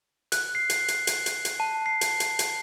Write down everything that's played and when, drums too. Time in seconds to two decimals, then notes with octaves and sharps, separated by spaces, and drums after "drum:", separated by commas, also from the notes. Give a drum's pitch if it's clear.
0.32 F#6, drum: hi-hat
0.55 C7
0.70 drum: hi-hat
0.88 drum: hi-hat
1.07 drum: hi-hat
1.26 drum: hi-hat
1.45 drum: hi-hat
1.60 A5
1.86 C7
2.01 drum: hi-hat
2.20 drum: hi-hat
2.39 drum: hi-hat